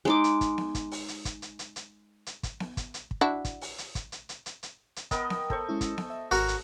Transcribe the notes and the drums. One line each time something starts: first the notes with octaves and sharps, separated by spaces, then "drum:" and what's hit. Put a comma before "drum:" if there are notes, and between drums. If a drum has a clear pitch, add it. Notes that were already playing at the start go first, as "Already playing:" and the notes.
G#3 D#4 D6
drum: hi-hat
drum: kick, hi-hat
drum: snare B3
drum: kick, hi-hat
drum: open hi-hat
drum: hi-hat
drum: kick, hi-hat
drum: hi-hat
drum: hi-hat
drum: hi-hat
drum: hi-hat
drum: kick, hi-hat
drum: snare B3
drum: kick, hi-hat
drum: hi-hat
drum: kick
D4 E4 F#4
drum: kick, hi-hat
drum: open hi-hat
drum: hi-hat
drum: kick, hi-hat
drum: hi-hat
drum: hi-hat
drum: hi-hat
drum: hi-hat
drum: hi-hat
B3 A#4 D#5 G5, drum: kick, hi-hat
drum: snare B3
A4 C5 C#6, drum: kick
G#3 C#4 E4
drum: kick, hi-hat
drum: snare B3
E5
G#1 F#4 A#4, drum: open hi-hat
drum: hi-hat